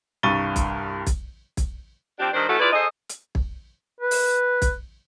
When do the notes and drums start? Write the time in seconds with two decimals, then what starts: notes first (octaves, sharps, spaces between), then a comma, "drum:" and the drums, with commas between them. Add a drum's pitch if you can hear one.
0.23 C2 G2 C#6 A6 D#7 G7
0.56 drum: kick, hi-hat
1.07 drum: kick, hi-hat
1.57 drum: kick, hi-hat
2.20 F3 C4 D4 G4
2.33 G2 D#3 D4 C5
2.48 E3 A3 C#4 F#4 A4
2.60 E4 F4 G#4 B4 D5
2.73 G#4 A4 C5 D#5
3.09 drum: hi-hat
3.35 drum: kick
4.01 B4
4.11 drum: open hi-hat
4.62 drum: kick, hi-hat